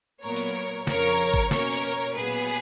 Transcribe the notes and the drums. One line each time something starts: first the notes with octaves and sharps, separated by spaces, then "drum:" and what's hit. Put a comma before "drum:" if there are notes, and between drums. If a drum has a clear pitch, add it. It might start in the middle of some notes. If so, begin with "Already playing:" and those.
A#2 F#3 B3 A#4 C#5
drum: open hi-hat
F2 C#3 F3 A#4 C#5, drum: snare
drum: kick
B2 A#3 C#4 A#4 C#5, drum: snare
A#2 F#3 B3 G#4 B4